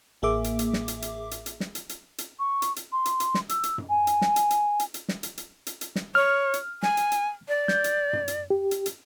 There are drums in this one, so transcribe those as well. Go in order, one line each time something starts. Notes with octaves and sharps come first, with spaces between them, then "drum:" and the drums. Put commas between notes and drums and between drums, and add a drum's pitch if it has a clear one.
A1 A#3 G#4 E5 D6
drum: hi-hat
drum: hi-hat
drum: snare
drum: hi-hat
drum: hi-hat
drum: hi-hat
drum: hi-hat
drum: snare
drum: hi-hat
drum: hi-hat
drum: hi-hat
C#6
drum: hi-hat
drum: hi-hat
C6
drum: hi-hat
drum: hi-hat
drum: snare
E6, drum: hi-hat
drum: hi-hat
drum: tom F#2
G#5
drum: hi-hat
drum: snare
drum: hi-hat
drum: hi-hat
drum: hi-hat
drum: hi-hat
drum: snare
drum: hi-hat
drum: hi-hat
drum: hi-hat
drum: hi-hat
drum: snare
C#5 F6
drum: hi-hat
G#5, drum: snare
drum: hi-hat
drum: hi-hat
D5
G6, drum: snare
drum: hi-hat
drum: tom F#2
drum: hi-hat
G4
drum: hi-hat
drum: hi-hat